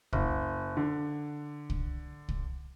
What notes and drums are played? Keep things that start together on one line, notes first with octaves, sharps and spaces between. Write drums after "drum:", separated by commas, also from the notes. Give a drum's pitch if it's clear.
F#1, drum: kick
D3
drum: kick
drum: kick